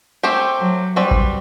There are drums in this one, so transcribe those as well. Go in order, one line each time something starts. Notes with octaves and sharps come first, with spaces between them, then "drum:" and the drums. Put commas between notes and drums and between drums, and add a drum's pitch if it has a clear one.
A3 C4 G4 C5
F#3
G3 C4 F#4 B4 D5
drum: kick G#1